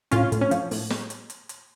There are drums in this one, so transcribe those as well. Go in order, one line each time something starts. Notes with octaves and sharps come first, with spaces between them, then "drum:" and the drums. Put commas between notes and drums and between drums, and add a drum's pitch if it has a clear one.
A2 C#4 F4, drum: hi-hat
A2, drum: hi-hat
C#4
F3, drum: hi-hat
A2, drum: open hi-hat
drum: snare
drum: hi-hat
drum: hi-hat
drum: hi-hat